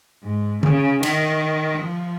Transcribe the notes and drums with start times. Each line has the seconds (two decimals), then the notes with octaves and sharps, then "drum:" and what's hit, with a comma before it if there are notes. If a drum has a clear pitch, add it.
0.23 G#2
0.63 C#3, drum: tom D3
1.03 D#3, drum: cymbal
1.83 F3